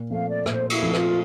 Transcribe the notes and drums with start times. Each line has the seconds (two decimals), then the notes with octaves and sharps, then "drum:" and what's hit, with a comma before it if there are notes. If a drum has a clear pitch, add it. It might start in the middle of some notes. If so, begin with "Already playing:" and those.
Already playing: A#2
0.10 F3 A3 C4 F5
0.28 D5
0.46 A#2 C5, drum: rim click
0.70 E4, drum: cymbal
0.81 F3 A3 C4
0.93 F4, drum: rim click